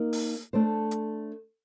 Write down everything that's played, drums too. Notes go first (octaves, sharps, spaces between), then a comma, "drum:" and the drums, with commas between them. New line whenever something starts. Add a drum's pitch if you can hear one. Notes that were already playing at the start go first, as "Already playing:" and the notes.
Already playing: A#3 D#4 A#4
drum: open hi-hat
A3 D4 A4 C5
drum: hi-hat